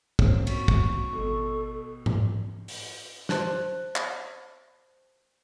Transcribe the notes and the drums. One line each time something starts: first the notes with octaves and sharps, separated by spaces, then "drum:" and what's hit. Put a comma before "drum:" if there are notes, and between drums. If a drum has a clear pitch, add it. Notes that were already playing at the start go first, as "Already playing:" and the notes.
G#2 A#3 C4 C#4, drum: kick
F#4 C#6, drum: cymbal
drum: kick
G#1 B2 A4
drum: tom G#2
drum: open hi-hat
C5 A5 F#6, drum: snare
drum: clap